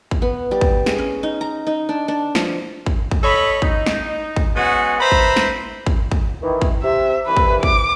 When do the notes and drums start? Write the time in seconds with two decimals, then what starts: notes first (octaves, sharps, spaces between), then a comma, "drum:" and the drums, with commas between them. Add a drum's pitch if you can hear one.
0.11 drum: kick
0.22 B3
0.51 G3
0.61 drum: kick
0.86 G#4, drum: snare
0.98 C#4
1.23 D#4
1.41 A#5
1.67 D#4
1.89 D4
2.08 D4
2.35 F3, drum: snare
2.86 drum: kick
3.11 drum: kick
3.23 A4 C#5 D#5 B5
3.62 D#4, drum: kick
3.86 drum: snare
4.36 drum: kick
4.55 G#3 B3 C#4 F#4 G#4
5.01 B4 C5 E5 A#5 B5
5.11 drum: kick
5.36 drum: snare
5.86 drum: kick
6.11 drum: kick
6.42 D#3 E3
6.62 drum: kick
6.82 C3 E5
7.26 C2 G2 E3 B4
7.37 drum: kick
7.63 D6, drum: kick